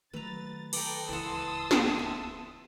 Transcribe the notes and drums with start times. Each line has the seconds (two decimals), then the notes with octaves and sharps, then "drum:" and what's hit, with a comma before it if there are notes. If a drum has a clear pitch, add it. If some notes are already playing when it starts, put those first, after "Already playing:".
0.13 D#3 F#3 A3 B4 A#5 A6
0.73 A4 B4 G5 A#5 D6, drum: cymbal
1.09 D1 C#2 E3 F#5 A5 C6 D#6 E6
1.71 drum: snare
1.99 E5